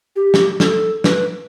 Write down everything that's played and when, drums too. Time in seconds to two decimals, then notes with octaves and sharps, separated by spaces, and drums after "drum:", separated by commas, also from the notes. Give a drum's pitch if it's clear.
0.16 G4
0.34 drum: snare
0.60 A4, drum: snare
1.04 B4, drum: snare